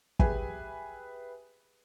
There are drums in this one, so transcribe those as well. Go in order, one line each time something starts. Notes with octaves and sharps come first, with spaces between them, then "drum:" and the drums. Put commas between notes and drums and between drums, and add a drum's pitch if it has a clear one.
G4 G#4 B4 E5 G#5, drum: kick